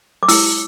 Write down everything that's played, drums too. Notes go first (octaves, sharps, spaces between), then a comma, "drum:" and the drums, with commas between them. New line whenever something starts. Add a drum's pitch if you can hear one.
D6
E4 E6, drum: open hi-hat